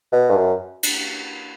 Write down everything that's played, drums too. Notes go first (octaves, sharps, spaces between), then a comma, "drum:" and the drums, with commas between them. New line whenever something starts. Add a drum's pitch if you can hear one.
B2
G2
F#2
drum: cymbal